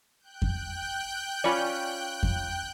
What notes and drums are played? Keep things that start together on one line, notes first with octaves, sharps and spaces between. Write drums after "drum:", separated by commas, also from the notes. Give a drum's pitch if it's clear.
G5 F#6 G6
drum: kick F2
C#4 F4 D5 G#5 B5 C#6
drum: kick F2